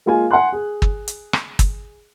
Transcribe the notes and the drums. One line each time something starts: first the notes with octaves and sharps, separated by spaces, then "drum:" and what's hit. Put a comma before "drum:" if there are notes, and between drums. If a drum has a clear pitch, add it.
G#3 A#3 F4 F5 G#5
F#5 G#5 C6 F#6
G#4
drum: kick
drum: hi-hat
drum: rim click
drum: kick, hi-hat